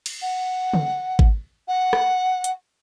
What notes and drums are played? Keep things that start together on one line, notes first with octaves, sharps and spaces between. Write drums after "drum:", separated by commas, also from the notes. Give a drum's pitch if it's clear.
drum: cymbal
F#5
drum: tom C#3
drum: kick G#1
F#5
drum: rim click
drum: hi-hat